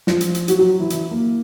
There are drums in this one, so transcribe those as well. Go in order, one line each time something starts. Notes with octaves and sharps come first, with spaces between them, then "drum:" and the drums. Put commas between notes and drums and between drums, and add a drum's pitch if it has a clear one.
F3 F4, drum: snare
drum: hi-hat
drum: hi-hat
F#3 F#4, drum: hi-hat
F#3 F#4
E3 E4
E3 E4, drum: hi-hat
A#3